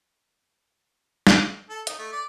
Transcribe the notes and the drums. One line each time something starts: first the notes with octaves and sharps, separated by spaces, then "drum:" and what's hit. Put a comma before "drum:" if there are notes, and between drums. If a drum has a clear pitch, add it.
drum: snare
A4
D#4, drum: hi-hat
A3
D5